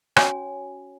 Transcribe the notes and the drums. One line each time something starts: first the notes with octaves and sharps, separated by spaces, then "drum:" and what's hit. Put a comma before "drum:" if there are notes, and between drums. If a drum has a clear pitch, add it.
C#4 F#4 C#5 G#5, drum: rim click